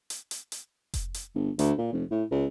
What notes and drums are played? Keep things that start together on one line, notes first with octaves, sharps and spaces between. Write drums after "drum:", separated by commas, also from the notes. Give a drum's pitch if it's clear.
drum: hi-hat
drum: hi-hat
drum: hi-hat
drum: kick F1, hi-hat
drum: hi-hat
G1
D2, drum: hi-hat
A#2
F1
A2
C#2